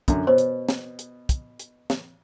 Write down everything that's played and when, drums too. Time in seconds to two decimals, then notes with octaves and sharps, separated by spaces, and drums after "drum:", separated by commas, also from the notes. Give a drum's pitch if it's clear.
0.08 F#2 D3, drum: kick, hi-hat
0.27 B2 C5 C#5
0.38 drum: hi-hat
0.69 drum: snare
0.99 drum: hi-hat
1.29 drum: kick, hi-hat
1.59 drum: hi-hat
1.90 drum: snare